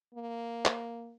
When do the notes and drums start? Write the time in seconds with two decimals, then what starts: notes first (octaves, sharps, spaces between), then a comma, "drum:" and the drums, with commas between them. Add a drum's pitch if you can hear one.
0.15 A#3
0.65 drum: clap